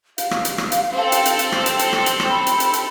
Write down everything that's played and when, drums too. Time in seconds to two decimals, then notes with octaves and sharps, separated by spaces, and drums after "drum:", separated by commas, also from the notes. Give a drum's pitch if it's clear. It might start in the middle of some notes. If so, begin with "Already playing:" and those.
0.18 F5, drum: hi-hat
0.31 drum: rim click
0.45 drum: hi-hat
0.58 drum: rim click
0.72 drum: hi-hat
0.92 C4 A4
1.12 drum: hi-hat
1.25 drum: hi-hat
1.39 drum: hi-hat
1.52 drum: rim click
1.66 drum: hi-hat
1.79 drum: hi-hat
1.93 drum: rim click
2.06 drum: hi-hat
2.20 drum: rim click
2.30 B5
2.47 drum: hi-hat
2.60 drum: hi-hat
2.73 drum: hi-hat